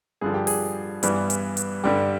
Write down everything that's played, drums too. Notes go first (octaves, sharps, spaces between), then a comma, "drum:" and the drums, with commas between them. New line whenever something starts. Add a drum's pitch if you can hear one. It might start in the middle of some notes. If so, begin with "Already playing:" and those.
G2 D3 F3 G#4
G4
G#4, drum: open hi-hat
G2 E3 G3 B3, drum: hi-hat
drum: hi-hat
drum: hi-hat
G2 D3 G3 G4